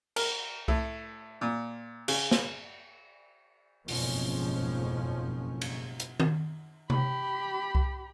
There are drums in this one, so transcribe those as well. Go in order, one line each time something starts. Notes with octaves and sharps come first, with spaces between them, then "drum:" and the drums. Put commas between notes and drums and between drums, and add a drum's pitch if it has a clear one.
A#4, drum: cymbal
A2, drum: kick C2
A#2
C#3, drum: cymbal
drum: snare
F#1 F2 G#2 B2 F3 C#4, drum: open hi-hat
drum: cymbal
drum: hi-hat
drum: tom D#3
G4 B5, drum: tom C3
drum: kick C2